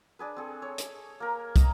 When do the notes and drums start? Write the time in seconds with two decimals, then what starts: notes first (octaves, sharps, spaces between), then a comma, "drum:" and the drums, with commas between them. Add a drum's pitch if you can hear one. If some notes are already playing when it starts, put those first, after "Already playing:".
0.19 D4 G#4 B4
0.37 C4 G#4 A4
0.62 C#5
0.78 drum: hi-hat
1.20 A#3 A#4
1.56 D#5 A#5, drum: kick, hi-hat